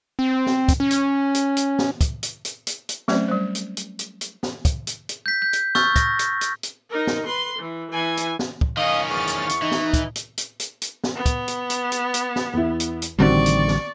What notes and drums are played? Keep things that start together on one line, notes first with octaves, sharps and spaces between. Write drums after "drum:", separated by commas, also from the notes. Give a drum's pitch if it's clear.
C4
drum: snare
drum: kick, hi-hat
C#4
drum: hi-hat
drum: hi-hat
drum: hi-hat
drum: snare
drum: kick, hi-hat
drum: hi-hat
drum: hi-hat
drum: hi-hat
drum: hi-hat
F#3 A3 C4 C#4 C5 D5, drum: snare
G3 C5
drum: hi-hat
drum: hi-hat
drum: hi-hat
drum: hi-hat
drum: snare
drum: kick, hi-hat
drum: hi-hat
drum: hi-hat
G6 B6
G6
drum: hi-hat
C#6 E6 F6 G6 A6, drum: snare
A#6, drum: kick, hi-hat
drum: hi-hat
drum: hi-hat
drum: hi-hat
D#4 A#4
drum: snare
B4 C6
E3
E3 G#5
drum: hi-hat
drum: snare
drum: kick
D#3 C#4 D#5 F5
E2 C#6 F6 A6
drum: hi-hat
drum: hi-hat
E3 D#4
drum: snare
drum: kick, hi-hat
drum: hi-hat
drum: hi-hat
drum: hi-hat
drum: hi-hat
drum: snare
B3
drum: kick, hi-hat
drum: hi-hat
drum: hi-hat
drum: hi-hat
drum: hi-hat
drum: snare
E2 E4
drum: hi-hat
drum: hi-hat
A1 D3 D#3 G3 C4 F#4 D5 C#6
drum: hi-hat
drum: snare